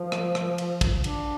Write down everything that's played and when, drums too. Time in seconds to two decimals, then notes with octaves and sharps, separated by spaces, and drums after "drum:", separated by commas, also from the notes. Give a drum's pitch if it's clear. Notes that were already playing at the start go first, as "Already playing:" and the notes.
Already playing: F3
0.12 drum: rim click
0.35 drum: rim click
0.58 drum: cymbal
0.81 drum: kick, cymbal
1.04 D4, drum: cymbal